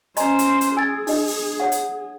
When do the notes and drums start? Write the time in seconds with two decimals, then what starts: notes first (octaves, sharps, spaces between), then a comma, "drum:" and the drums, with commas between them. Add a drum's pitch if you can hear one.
0.17 C#4 C5 D#5 G#5 A#5 C6, drum: hi-hat
0.39 drum: hi-hat
0.61 drum: hi-hat
0.77 G#4 G#5 E6 G#6 A6
1.07 D4 D#5, drum: open hi-hat
1.27 drum: open hi-hat
1.60 C#5 F#5
1.72 drum: hi-hat